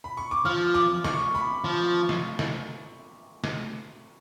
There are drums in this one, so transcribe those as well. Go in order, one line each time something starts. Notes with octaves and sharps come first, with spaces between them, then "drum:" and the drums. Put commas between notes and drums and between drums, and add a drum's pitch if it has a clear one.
B5
C#6
D6
F3 F6
D6
C#6, drum: snare
B5
F3
drum: snare
drum: snare
drum: snare